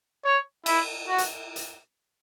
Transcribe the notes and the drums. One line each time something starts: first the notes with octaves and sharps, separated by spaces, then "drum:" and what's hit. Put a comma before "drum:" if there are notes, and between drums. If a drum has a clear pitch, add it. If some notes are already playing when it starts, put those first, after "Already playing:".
C#5
E4, drum: cymbal
F#4
drum: hi-hat
drum: hi-hat